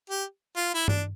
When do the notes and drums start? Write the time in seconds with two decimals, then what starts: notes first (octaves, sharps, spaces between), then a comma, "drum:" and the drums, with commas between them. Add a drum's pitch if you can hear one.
0.10 G4
0.56 F4
0.74 E4
0.88 D4, drum: tom G2